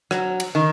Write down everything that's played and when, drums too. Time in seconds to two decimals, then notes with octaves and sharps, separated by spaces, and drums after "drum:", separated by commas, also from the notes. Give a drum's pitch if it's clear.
0.11 F#3, drum: rim click
0.40 drum: cymbal
0.55 D#3